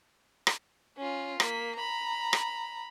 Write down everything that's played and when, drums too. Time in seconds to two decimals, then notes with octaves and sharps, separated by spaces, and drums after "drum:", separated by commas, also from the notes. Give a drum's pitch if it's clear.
0.47 drum: rim click
0.97 C#4 F4
1.40 A#3 B6, drum: rim click
1.76 A#5 B5
2.33 drum: rim click